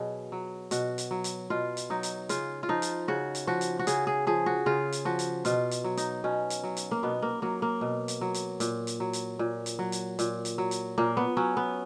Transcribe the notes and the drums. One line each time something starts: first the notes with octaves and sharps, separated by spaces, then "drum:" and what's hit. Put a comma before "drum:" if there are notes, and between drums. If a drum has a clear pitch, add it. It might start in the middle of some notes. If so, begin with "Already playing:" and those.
Already playing: B2 F#3 G#4
F#3
B2 F#4, drum: hi-hat
drum: hi-hat
F#3
drum: hi-hat
B2 F4
drum: hi-hat
F#3 D#4
drum: hi-hat
C#3 F4, drum: hi-hat
F4
F3 D#4
drum: hi-hat
C#3 F#4
drum: hi-hat
F3 F#4
drum: hi-hat
F#4
C#3 G#4, drum: hi-hat
G#4
F3 G#4
F#4
C#3 F4
drum: hi-hat
F3 F#4
drum: hi-hat
B2 F4, drum: hi-hat
drum: hi-hat
F#3
D#4, drum: hi-hat
B2 C#4
drum: hi-hat
F#3
drum: hi-hat
A#3
B2 B3
A#3
F#3 A#3
A#3
B2
drum: hi-hat
F#3
drum: hi-hat
A#2, drum: hi-hat
drum: hi-hat
F#3
drum: hi-hat
A#2
drum: hi-hat
F#3
drum: hi-hat
A#2, drum: hi-hat
drum: hi-hat
F#3
drum: hi-hat
A#2 A#3
B3
F#3 C#4
B3